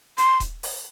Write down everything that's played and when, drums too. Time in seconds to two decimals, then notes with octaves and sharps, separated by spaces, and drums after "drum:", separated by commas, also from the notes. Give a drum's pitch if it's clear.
0.18 C6, drum: hi-hat
0.40 drum: kick D#1, hi-hat
0.63 drum: open hi-hat